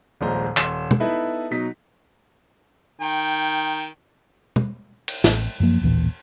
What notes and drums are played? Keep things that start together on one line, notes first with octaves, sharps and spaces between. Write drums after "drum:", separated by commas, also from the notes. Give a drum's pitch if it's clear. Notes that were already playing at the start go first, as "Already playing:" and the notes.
D#1 A#1 F3 G#3 C5 A#5
D#1 C6 E7, drum: clap
drum: tom
B3 D#4 E4 A4 B4
B2 F#3 D#4 B6
D#3 G5
drum: tom
drum: cymbal
A1, drum: snare
F#2 F3 A#3
A1 D#2 A#2 E3